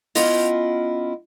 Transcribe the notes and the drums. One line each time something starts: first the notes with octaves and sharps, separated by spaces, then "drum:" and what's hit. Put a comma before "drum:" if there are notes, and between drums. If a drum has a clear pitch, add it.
B3 C#4 E4 F4 D#5 F#5, drum: open hi-hat